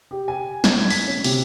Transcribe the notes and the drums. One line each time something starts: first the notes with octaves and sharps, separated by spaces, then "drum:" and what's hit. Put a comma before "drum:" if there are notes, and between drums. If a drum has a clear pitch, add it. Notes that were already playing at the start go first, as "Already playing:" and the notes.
G4
G#5
G#6, drum: snare
B6, drum: open hi-hat
C#4
C3, drum: open hi-hat